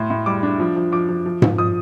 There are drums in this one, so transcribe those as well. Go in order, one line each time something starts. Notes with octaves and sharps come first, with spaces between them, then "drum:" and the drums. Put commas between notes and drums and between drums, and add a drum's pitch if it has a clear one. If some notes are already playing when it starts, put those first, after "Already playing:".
Already playing: A2 C6
A2
G3 D6
D4
F3
F3
F3 D6
F3
F3
F3, drum: tom G#2
F3 D#6